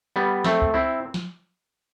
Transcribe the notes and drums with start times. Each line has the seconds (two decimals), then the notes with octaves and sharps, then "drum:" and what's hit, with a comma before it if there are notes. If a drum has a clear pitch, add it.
0.16 G3 B3
0.44 A3 C4, drum: snare
0.62 drum: kick C#2
0.74 C4 E4
1.14 drum: snare